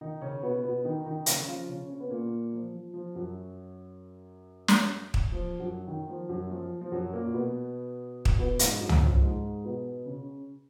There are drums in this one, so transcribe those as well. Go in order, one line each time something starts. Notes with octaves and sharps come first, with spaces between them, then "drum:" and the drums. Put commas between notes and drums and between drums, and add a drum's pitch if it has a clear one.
D#3 D#4
C#3 C#4
B2 B3
B2 B3
D#3 D#4
D#3 D#4
C#3 C#4, drum: hi-hat
F3 F4
C#3 C#4
C#4
B3
A#2 A#3
F3
F3
F3
F#2 F#3
drum: snare
drum: kick
F3
F#2 F#3
D#3
F3
F#2 F#3
F3
F3
F#2 F#3
A#2 A#3
B2 B3
drum: kick
B2 B3
G#2 G#3, drum: hi-hat
F#2 F#3
drum: tom
F3
G#2 G#3
B2 B3
C#3 C#4